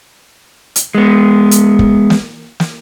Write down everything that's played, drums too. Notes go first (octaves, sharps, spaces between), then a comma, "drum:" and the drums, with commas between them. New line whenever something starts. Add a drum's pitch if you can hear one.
drum: hi-hat
G#3 B3
drum: hi-hat
drum: kick
drum: snare
drum: snare